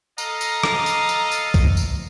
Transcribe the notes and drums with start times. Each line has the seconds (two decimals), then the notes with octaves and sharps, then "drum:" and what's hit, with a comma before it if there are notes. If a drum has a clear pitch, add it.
0.18 A4 D#5 F5 A#5, drum: tambourine
0.41 drum: tambourine
0.63 drum: rim click
0.86 drum: tambourine
1.09 drum: tambourine
1.32 drum: tambourine
1.54 drum: kick, tambourine
1.77 drum: tambourine